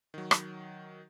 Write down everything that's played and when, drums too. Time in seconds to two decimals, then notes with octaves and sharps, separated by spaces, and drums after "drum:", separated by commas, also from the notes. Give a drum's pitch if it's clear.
0.14 D#3 F#3
0.31 drum: rim click